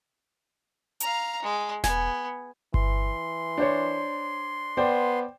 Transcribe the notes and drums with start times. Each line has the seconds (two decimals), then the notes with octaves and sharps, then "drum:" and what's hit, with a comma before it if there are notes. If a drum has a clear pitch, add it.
1.00 F5 A#5, drum: hi-hat
1.42 G#3
1.84 B3 G#5, drum: snare E1
2.74 E3 C6, drum: kick G1
3.58 D4 C5 C#5
4.77 B3 C5 D5 G5